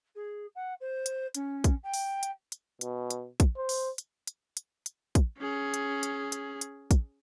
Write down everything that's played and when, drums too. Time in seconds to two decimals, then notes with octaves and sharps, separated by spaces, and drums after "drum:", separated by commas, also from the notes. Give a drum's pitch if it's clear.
0.15 G#4
0.55 F#5
0.80 C5
1.06 drum: hi-hat
1.35 C#4, drum: hi-hat
1.64 drum: kick, hi-hat
1.83 G5
1.94 drum: open hi-hat
2.23 drum: hi-hat
2.52 drum: hi-hat
2.81 B2, drum: hi-hat
3.10 drum: hi-hat
3.40 drum: kick, hi-hat
3.56 C5
3.69 drum: open hi-hat
3.98 drum: hi-hat
4.27 drum: hi-hat
4.57 drum: hi-hat
4.86 drum: hi-hat
5.15 drum: kick, hi-hat
5.38 C#4 G#4
5.74 drum: hi-hat
6.03 drum: hi-hat
6.32 drum: hi-hat
6.61 drum: hi-hat
6.91 drum: kick, hi-hat